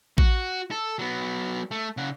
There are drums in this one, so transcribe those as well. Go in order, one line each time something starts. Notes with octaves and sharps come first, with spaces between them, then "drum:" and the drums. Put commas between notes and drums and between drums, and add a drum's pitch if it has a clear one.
F#4, drum: kick A1
A4
F#3 B3
A3
C#3 F#5